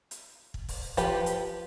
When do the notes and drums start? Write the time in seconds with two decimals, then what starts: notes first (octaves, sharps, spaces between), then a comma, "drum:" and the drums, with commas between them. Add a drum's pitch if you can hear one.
0.11 drum: hi-hat
0.54 drum: kick
0.69 drum: kick, open hi-hat
0.97 F3 G4 B4 B5, drum: kick, hi-hat
1.26 drum: hi-hat